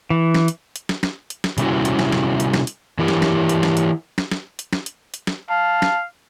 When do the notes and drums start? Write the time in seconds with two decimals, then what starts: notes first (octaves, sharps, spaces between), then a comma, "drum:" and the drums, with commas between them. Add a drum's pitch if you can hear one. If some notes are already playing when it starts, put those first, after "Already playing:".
0.10 E3
0.34 drum: snare
0.48 drum: hi-hat
0.76 drum: hi-hat
0.89 drum: snare
1.03 drum: snare
1.30 drum: hi-hat
1.44 drum: snare
1.58 C3 G3 A3 C#4 E4 F#4, drum: hi-hat
1.85 drum: hi-hat
1.99 drum: snare
2.12 drum: snare
2.40 drum: hi-hat
2.54 drum: snare
2.67 drum: hi-hat
2.99 E3 E4 G4 A#4
3.08 drum: snare
3.22 drum: snare
3.49 drum: hi-hat
3.63 drum: snare
3.77 drum: hi-hat
4.18 drum: snare
4.31 drum: snare
4.59 drum: hi-hat
4.73 drum: snare
4.86 drum: hi-hat
5.14 drum: hi-hat
5.27 drum: snare
5.50 F5 A5
5.82 drum: snare